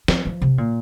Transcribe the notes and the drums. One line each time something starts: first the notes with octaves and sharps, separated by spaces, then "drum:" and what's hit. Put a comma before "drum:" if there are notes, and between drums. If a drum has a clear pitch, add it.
F3, drum: snare
F3
C3
A#2